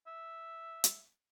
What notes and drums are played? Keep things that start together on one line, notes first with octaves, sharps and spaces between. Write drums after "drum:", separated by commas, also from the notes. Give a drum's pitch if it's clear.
E5
drum: hi-hat